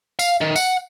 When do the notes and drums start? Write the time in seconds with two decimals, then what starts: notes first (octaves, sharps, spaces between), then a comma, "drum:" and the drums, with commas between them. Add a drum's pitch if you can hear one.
0.19 F5, drum: tambourine
0.41 D#3
0.56 F#5, drum: tambourine